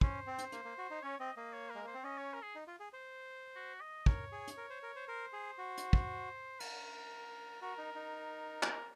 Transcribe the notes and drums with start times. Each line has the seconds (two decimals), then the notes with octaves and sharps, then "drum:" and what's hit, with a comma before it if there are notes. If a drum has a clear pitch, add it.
0.01 C#4 C5, drum: kick
0.27 C4
0.39 drum: hi-hat
0.52 A#3, drum: hi-hat
0.65 A#3
0.78 F#4
0.90 D#4
1.02 C#4 C#5
1.20 C4 D#5
1.37 A#3 D#5
1.53 C#5
1.70 G#3 A#4
1.84 A#3 C5
1.94 C4
2.04 C#4 D#5
2.17 C#5
2.33 A#4
2.42 G#4
2.55 D#4
2.67 F4
2.80 G#4
2.93 C5
3.56 F#4
3.81 D#5
4.06 A#4 C#5, drum: kick
4.32 G#4
4.48 drum: hi-hat
4.57 A#4
4.70 C5
4.83 A#4
4.96 C5
5.08 A#4 C5
5.33 G#4
5.58 F#4
5.78 drum: hi-hat
5.93 drum: kick
6.60 A#4, drum: cymbal
7.62 F#4 A#4
7.78 D#4
7.95 D#4
8.63 A#4, drum: clap